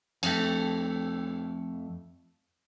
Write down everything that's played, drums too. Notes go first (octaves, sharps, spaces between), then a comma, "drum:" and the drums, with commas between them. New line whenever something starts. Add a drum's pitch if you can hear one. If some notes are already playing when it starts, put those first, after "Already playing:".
F2 A3, drum: cymbal